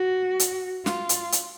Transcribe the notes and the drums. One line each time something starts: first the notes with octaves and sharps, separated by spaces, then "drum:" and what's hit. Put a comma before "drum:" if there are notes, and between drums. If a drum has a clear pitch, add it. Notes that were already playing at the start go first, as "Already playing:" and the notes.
Already playing: F#4
drum: hi-hat
F4, drum: snare
drum: hi-hat
drum: hi-hat